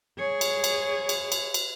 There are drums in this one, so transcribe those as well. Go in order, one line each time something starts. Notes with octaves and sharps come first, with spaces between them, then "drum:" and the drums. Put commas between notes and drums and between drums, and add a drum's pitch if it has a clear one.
G#4 C#5
drum: cymbal
drum: cymbal
drum: cymbal
drum: cymbal
drum: cymbal